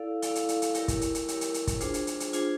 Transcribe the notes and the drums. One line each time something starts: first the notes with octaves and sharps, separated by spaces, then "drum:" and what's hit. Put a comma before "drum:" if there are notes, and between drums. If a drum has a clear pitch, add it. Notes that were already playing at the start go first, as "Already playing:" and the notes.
Already playing: E4 A4 D5 F5
E4 A4 D5 F5, drum: hi-hat
drum: hi-hat
drum: hi-hat
drum: hi-hat
E4 G4 A#4 C#5, drum: hi-hat
drum: kick, hi-hat
drum: hi-hat
drum: hi-hat
E4 G4 A#4 C#5, drum: hi-hat
drum: hi-hat
drum: hi-hat
drum: kick, hi-hat
D4 F4 G#4 C5, drum: hi-hat
drum: hi-hat
drum: hi-hat
drum: hi-hat
D4 F4 G#4 C5, drum: hi-hat